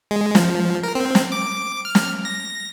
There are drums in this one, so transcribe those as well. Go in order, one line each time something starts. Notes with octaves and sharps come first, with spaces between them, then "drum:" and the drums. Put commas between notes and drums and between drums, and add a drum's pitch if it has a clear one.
G#3
F3, drum: snare
A#4
C4
drum: snare
D6
F6
drum: snare
A#6